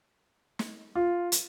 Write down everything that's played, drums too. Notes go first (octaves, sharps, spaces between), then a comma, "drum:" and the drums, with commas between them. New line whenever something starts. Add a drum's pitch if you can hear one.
drum: snare
F4
drum: hi-hat